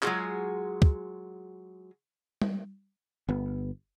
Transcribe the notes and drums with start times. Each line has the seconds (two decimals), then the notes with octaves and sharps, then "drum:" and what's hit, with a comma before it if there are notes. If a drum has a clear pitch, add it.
0.02 F#3 G#3 D#4 F4 F#4 G#4, drum: clap
0.82 drum: kick
2.42 drum: tom G3
3.28 G1 B3